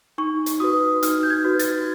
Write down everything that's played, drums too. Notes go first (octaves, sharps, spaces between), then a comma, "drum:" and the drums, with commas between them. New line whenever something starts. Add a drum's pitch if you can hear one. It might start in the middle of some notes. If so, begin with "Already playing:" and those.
D#4 C#6
drum: hi-hat
F#4 B4 D#6
D#4 F6, drum: hi-hat
G6
G#6
F#4 B4
A6, drum: hi-hat